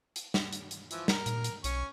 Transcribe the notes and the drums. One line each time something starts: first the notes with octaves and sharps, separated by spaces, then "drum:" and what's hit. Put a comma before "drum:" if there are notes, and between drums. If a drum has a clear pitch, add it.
drum: hi-hat
drum: snare
drum: hi-hat
drum: hi-hat
E3 F3, drum: hi-hat
A#4, drum: snare
A#2, drum: hi-hat
drum: hi-hat
B1 C#4 C#6, drum: hi-hat